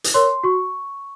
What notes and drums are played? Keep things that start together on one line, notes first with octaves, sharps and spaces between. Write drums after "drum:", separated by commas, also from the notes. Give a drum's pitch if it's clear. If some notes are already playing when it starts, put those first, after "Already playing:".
drum: hi-hat
A#4 C#5 C6
F#4 C#6